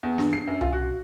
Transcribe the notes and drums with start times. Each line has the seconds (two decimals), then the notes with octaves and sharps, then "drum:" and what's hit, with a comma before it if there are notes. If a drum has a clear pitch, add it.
0.03 E2
0.18 G2, drum: snare
0.33 C7
0.48 F#2
0.61 F4, drum: tom C2
0.73 F#4